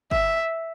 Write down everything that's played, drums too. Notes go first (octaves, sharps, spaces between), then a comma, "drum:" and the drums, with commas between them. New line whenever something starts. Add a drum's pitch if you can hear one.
E5, drum: kick G1